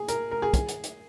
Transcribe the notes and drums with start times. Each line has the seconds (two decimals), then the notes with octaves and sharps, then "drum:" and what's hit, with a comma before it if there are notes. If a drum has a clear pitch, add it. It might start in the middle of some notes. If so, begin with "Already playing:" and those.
Already playing: G#4
0.08 A#4, drum: hi-hat
0.31 A#4
0.42 G#4
0.54 G#4, drum: kick, hi-hat
0.69 drum: hi-hat
0.84 drum: hi-hat